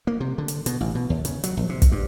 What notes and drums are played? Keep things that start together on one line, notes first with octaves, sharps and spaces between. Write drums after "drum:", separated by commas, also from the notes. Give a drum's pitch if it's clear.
A#3
C3
D3
drum: hi-hat
B2, drum: hi-hat
A1
B2
D#2
C#3, drum: hi-hat
F#3, drum: hi-hat
A#1
C3
drum: kick, hi-hat
G2